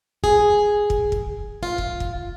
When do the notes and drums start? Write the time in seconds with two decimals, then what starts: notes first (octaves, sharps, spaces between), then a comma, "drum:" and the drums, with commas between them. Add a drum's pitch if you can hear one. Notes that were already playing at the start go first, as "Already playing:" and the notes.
0.24 G#4, drum: kick
0.90 drum: kick
1.12 drum: kick
1.63 F4
1.78 drum: kick
2.00 drum: kick